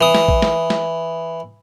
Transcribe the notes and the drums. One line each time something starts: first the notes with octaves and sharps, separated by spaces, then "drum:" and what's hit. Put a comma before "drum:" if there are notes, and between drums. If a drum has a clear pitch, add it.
E3 D#6
drum: snare
drum: kick
drum: snare
drum: snare